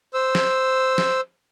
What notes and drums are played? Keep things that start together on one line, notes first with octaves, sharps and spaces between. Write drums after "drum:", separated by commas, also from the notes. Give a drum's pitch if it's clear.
C5 E6
drum: snare
drum: snare